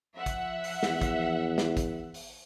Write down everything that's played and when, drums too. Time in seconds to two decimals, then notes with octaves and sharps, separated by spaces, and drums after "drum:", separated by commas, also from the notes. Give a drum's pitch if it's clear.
0.15 F3 E5 F#5
0.26 drum: kick, hi-hat
0.64 drum: open hi-hat
0.83 E2, drum: snare
1.01 drum: kick, hi-hat
1.58 drum: snare
1.77 drum: kick, hi-hat
2.14 drum: open hi-hat